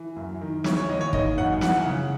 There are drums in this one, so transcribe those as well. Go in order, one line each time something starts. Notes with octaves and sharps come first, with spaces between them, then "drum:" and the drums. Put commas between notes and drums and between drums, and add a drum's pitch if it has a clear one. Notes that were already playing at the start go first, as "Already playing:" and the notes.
Already playing: E3
F#2
D#3
E3 C#5, drum: snare
C#5
D#2 D#5
C#5
D#3 D#5, drum: kick
F#2 F#5
E3 F#5, drum: snare
C#3